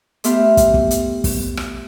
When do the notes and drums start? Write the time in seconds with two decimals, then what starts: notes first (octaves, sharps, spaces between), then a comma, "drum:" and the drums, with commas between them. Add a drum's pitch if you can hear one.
0.24 A3 B3 G4 E5 C6 F6, drum: hi-hat
0.57 drum: kick, hi-hat
0.74 drum: kick
0.91 drum: hi-hat
1.24 drum: kick, open hi-hat
1.57 drum: rim click